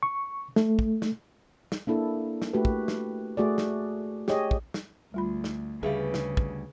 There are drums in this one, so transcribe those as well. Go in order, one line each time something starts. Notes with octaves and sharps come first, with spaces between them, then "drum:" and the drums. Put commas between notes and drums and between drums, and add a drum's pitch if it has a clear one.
C#6
A3, drum: snare
drum: kick
drum: snare
drum: snare
A#3 D4 E4 A4
drum: snare
A3 F#4 G4 B4
drum: kick
drum: snare
A3 F#4 G#4 D5
drum: snare
G4 G#4 C#5 D#5, drum: snare
drum: kick
drum: snare
D2 G3 F4 B5
drum: snare
D2 C#3 G3 G#4 B4 E5 F5
drum: snare
drum: kick